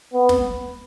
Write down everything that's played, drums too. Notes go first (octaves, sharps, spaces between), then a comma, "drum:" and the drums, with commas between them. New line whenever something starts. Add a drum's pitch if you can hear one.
B3
drum: snare